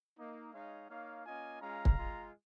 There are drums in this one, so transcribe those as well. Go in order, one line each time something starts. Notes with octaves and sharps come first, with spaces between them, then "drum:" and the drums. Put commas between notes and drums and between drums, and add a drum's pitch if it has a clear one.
A#3 D#4
G#3 D#4 C#5 F5
A#3 D#4 C#5 F5
A#3 C#4 F4 D#5 G#5
G#3 C#4 F4 F5 A#5
drum: kick
G#3 F4